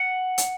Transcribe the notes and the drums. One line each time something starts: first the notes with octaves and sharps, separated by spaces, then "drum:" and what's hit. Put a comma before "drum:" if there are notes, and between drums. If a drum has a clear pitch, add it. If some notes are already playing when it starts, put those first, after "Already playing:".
Already playing: F#5
drum: hi-hat